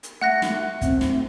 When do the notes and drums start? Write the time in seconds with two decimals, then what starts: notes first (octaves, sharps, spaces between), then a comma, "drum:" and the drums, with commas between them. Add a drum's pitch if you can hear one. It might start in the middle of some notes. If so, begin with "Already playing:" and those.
0.03 drum: hi-hat
0.21 A3 F#5 F#6 A#6
0.42 drum: snare
0.81 C4, drum: kick, hi-hat
1.01 drum: snare